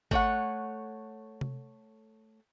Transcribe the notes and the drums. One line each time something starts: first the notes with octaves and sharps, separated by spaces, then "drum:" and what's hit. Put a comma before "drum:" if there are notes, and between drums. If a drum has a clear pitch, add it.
A3 C#5 F#5, drum: kick G#1
drum: tom C3